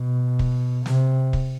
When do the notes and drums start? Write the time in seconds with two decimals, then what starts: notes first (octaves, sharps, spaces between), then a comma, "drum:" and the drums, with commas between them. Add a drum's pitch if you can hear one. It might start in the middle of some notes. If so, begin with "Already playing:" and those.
Already playing: B2
0.39 drum: kick
0.86 C3, drum: snare
1.33 drum: kick